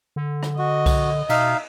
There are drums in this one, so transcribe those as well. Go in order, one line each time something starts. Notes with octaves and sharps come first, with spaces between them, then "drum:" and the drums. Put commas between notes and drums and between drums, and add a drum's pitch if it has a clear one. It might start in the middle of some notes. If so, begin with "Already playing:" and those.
D3
drum: rim click
F#4 D#5
drum: kick C2, cymbal
B2 D#4 E5 F5, drum: cymbal